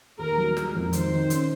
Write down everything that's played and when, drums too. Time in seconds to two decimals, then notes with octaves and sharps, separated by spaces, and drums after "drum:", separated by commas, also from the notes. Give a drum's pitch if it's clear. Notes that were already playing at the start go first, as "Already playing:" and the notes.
0.18 D#2 A#4
0.38 F#3
0.57 G#3, drum: snare
0.75 F2
0.93 D#3 C5, drum: hi-hat
1.12 D#3
1.30 C#4, drum: hi-hat